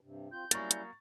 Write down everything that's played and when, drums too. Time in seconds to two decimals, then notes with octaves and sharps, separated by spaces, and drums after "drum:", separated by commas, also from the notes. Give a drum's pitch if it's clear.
0.01 G2 C3
0.32 C4 F4 G6
0.51 F#3 G3 A#3 C#4 E4 C#6 A6, drum: hi-hat
0.71 drum: hi-hat